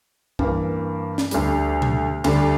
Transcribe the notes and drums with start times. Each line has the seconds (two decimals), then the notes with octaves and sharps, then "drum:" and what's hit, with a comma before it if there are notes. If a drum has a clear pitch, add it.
0.39 G2 E3 A#3, drum: kick
1.18 drum: snare
1.31 D2 D3 G3, drum: hi-hat
1.82 drum: tom A#2
2.24 D2 D3 G3, drum: cymbal